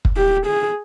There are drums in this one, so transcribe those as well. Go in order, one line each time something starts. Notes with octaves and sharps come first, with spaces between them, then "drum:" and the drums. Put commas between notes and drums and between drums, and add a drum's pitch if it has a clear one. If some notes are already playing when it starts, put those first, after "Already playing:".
drum: kick
G4
G#4